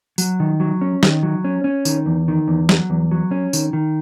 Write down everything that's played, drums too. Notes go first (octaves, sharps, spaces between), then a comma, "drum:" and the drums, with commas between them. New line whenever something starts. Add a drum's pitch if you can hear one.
F#3, drum: tambourine
D#3
F#3
C#4
D#3, drum: snare
F#3
C#4
C#4
D#3, drum: tambourine
E2
D#3
E2
F#3, drum: snare
E2
F#3
C#4
D#3, drum: tambourine
D#3